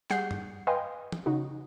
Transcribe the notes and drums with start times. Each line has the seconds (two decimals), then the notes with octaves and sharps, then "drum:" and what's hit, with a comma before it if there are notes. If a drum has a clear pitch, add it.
0.10 G3 G#4 F#5 G6 C7, drum: clap
0.31 drum: tom G2
0.67 B4 D#5 F5 G5 G#5 C6
1.12 drum: tom E3
1.26 C#3 D#4 F#4